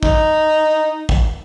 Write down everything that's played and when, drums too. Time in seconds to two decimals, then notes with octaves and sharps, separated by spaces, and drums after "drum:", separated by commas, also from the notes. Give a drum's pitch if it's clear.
0.03 D#4, drum: kick
1.09 drum: kick